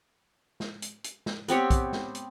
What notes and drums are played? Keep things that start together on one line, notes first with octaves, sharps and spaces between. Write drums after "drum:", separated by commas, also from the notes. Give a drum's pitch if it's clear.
drum: snare
drum: hi-hat
drum: hi-hat
drum: snare
B3 C4 G4 C#5, drum: hi-hat
drum: kick, hi-hat
drum: snare
drum: hi-hat